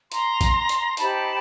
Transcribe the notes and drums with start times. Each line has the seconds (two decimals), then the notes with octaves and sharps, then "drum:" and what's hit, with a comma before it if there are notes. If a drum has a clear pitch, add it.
0.12 A#5 C6, drum: hi-hat
0.41 drum: kick A#1, hi-hat
0.69 drum: hi-hat
0.97 D#4 G4 C5 A5 B5, drum: hi-hat